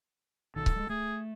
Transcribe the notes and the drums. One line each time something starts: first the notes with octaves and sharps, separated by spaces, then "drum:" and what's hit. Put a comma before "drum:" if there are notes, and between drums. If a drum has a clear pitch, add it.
B1 D#3 A4
drum: kick C#1
G3 G#3
A3 G#4